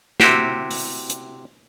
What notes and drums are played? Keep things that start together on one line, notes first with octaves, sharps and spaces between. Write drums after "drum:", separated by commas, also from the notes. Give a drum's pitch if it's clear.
C3 E4 F#4 G4 C5, drum: snare
drum: open hi-hat
drum: hi-hat